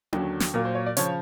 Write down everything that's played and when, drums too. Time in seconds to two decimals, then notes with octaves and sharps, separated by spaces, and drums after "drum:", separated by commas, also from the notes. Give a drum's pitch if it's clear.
0.13 D#2 D3 F#3, drum: tom C#4
0.40 drum: snare
0.54 A#2 F#3 A#3 A#4
0.65 C5
0.75 C#5
0.86 D5
0.97 C#3 F3 C#5, drum: hi-hat